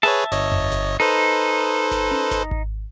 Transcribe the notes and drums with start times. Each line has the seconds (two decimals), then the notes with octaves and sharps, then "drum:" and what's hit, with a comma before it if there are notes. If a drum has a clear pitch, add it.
0.03 G#4 B4 C#5 E5 A5
0.32 G1 C#5 D#5, drum: snare G1
0.52 drum: tom F2
0.72 drum: snare G1
1.00 D#4 A4 B4 C5
1.91 drum: snare G1
2.11 drum: tom C#4
2.31 drum: snare G1
2.51 drum: kick G#1